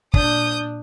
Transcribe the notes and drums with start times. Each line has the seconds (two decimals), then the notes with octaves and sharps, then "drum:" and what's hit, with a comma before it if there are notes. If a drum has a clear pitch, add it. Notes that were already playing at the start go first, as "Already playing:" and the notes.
0.14 A#2 D4 D#6 G6, drum: kick